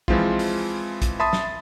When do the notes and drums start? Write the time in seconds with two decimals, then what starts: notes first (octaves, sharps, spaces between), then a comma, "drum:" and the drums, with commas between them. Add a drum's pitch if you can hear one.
0.08 E3 F3 G#3 C4 E4 F4, drum: kick
0.39 drum: open hi-hat
1.02 drum: kick, hi-hat
1.20 E5 A5 B5 C6 D#6 A6
1.33 drum: snare